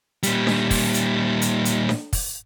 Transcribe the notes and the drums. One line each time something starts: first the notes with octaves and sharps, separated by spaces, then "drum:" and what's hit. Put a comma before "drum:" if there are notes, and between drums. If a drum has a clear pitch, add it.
A#2 G3, drum: hi-hat
drum: snare D4
drum: kick, open hi-hat
drum: hi-hat
drum: hi-hat
drum: hi-hat
drum: snare D4
drum: kick, open hi-hat